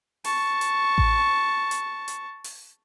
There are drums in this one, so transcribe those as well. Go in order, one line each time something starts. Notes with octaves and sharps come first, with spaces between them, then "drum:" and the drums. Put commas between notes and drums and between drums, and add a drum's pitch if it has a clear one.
A5 C#6, drum: open hi-hat
drum: hi-hat
drum: kick A1
drum: hi-hat
drum: hi-hat
drum: open hi-hat